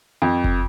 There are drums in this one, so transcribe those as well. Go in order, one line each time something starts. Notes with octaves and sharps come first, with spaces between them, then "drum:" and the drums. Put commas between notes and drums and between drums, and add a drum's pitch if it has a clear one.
F2
drum: kick F#1